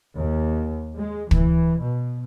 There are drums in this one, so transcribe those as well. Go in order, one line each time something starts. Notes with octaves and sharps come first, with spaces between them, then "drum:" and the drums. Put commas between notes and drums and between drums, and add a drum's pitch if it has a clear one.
D#2
G#3
E3, drum: kick
B2